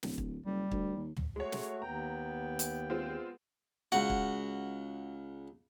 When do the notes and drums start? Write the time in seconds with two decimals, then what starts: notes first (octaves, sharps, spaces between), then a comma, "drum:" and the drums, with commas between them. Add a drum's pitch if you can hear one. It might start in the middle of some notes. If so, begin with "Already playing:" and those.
0.03 D1, drum: snare
0.18 drum: kick
0.46 F#1 G3
0.71 D2, drum: kick
0.96 D#2
1.17 drum: tom
1.36 G#3 A3 F#4 C#5
1.52 drum: snare
1.82 D#2 B3 G5 A#5
2.59 drum: hi-hat
2.90 G#3 C4 F4
3.92 C#2 F#4 F#5
4.10 drum: kick